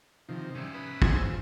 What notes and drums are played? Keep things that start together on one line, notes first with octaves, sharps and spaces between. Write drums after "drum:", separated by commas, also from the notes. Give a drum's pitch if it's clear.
C3 D#3 F3
G3 C#4 E5
B4 D#6
C5 G#5 E6, drum: kick
F3